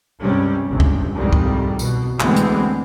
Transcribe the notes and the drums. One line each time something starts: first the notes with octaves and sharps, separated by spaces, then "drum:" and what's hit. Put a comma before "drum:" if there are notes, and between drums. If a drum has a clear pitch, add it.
C#2 G2 C3 G3 C#4
G1 C#2 C3
drum: kick
C2 F2 G#2 D#3 G3
drum: kick
B2, drum: tambourine
D2 D3 E3 G#3 B3 C4, drum: clap
drum: hi-hat